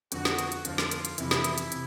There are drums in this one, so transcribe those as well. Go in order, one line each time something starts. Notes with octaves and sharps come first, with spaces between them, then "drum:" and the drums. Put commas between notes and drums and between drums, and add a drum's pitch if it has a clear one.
F2 D3 F3 F#4, drum: hi-hat
drum: snare
drum: hi-hat
drum: hi-hat
F2 D3 F3 F4, drum: hi-hat
drum: snare
drum: hi-hat
drum: hi-hat
F2 C3 E3 E4, drum: hi-hat
drum: snare
drum: hi-hat
drum: hi-hat
C3, drum: hi-hat